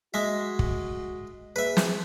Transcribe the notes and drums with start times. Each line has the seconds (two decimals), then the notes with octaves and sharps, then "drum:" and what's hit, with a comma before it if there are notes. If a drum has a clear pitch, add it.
0.14 G#3 F#4 E5
0.59 drum: kick
1.56 G#4 B4 E5
1.77 drum: snare